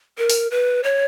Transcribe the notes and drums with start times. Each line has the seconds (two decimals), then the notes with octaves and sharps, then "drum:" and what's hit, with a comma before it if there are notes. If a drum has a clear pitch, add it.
0.18 A#4
0.30 drum: open hi-hat
0.51 B4
0.84 C#5